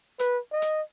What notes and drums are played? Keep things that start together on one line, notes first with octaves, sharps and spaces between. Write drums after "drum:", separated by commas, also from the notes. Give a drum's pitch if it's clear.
B4, drum: hi-hat
D#5
drum: hi-hat